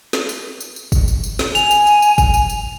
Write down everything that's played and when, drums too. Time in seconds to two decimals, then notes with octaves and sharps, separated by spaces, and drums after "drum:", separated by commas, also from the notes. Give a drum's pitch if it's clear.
0.13 drum: snare
0.29 drum: tambourine
0.61 drum: tambourine
0.76 drum: tambourine
0.92 drum: kick, tambourine
1.08 drum: tambourine
1.24 drum: tambourine
1.39 drum: snare
1.55 G#5 F7, drum: tambourine
1.71 drum: tambourine
1.87 drum: tambourine
2.02 drum: tambourine
2.18 drum: kick, tambourine
2.34 drum: tambourine
2.50 drum: tambourine